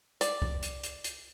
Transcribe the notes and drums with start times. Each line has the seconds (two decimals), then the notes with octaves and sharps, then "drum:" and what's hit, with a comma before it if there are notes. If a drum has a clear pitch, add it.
0.21 D5, drum: hi-hat
0.42 drum: kick
0.63 drum: hi-hat
0.83 drum: hi-hat
1.04 drum: hi-hat